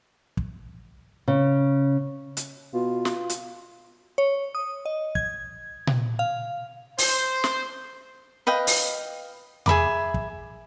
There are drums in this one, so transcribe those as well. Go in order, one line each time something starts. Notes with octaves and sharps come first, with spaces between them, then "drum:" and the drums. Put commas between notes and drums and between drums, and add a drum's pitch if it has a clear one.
drum: kick
C#3
drum: hi-hat
B2 F4
drum: snare
drum: hi-hat
C#5
D#6
D#5
G#6, drum: kick
drum: tom A#2
F5
C5, drum: open hi-hat
drum: snare
B4 D#5 F5 G5
drum: open hi-hat
G#4 E5 B5 D6, drum: tom E2
drum: kick